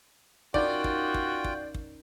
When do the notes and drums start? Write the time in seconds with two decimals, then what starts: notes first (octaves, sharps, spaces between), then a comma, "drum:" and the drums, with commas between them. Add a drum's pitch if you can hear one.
0.54 C#4 D#4 F4 F#4 A#4 D5 G5, drum: kick
0.84 drum: kick
1.14 drum: kick
1.44 drum: kick
1.74 drum: kick